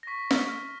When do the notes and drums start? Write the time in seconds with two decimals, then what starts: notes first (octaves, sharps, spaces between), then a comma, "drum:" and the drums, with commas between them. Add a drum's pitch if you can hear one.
0.03 A#6
0.07 C#6 B6
0.31 drum: snare
0.48 F6